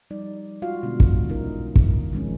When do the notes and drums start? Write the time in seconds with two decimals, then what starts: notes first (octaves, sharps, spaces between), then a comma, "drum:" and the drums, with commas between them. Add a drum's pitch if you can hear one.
0.10 F3 G3 D#4 D5
0.62 G#3 F4 F#4 F5
0.83 B2 D3 G#3 B3 C#4 D4
1.00 drum: kick
1.29 C#4 D#4 E4 A#4
1.76 drum: kick
2.12 D#3 F3 F#3 G#3 C4 C#4